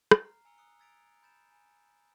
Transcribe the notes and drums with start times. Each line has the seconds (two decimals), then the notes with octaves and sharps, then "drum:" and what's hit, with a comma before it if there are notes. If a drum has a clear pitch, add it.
0.11 drum: rim click
0.21 A#5 F6 C7
0.45 G#5 A#5 E6 C#7 F7 G7
0.57 D#6 E6 F#6 C#7 G7
0.79 E6 G#6 A6 B6 D7 F7
1.23 B5 G6 A6 E7
1.52 G#5